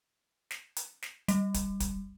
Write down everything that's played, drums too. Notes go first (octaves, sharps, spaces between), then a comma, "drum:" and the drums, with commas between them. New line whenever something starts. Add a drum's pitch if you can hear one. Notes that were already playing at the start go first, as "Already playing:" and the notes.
drum: snare
drum: hi-hat
drum: snare
G3, drum: hi-hat
drum: kick, hi-hat
drum: kick, hi-hat